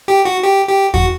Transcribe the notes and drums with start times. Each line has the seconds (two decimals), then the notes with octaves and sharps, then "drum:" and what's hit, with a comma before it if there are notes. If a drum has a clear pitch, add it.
0.08 G4
0.25 F#4
0.42 G4
0.67 G4
0.94 F#4, drum: kick E2